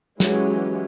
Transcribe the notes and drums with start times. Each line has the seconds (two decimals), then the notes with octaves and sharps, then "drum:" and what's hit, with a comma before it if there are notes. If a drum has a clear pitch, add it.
0.20 E3 F#3 G#3 C#4 G4, drum: snare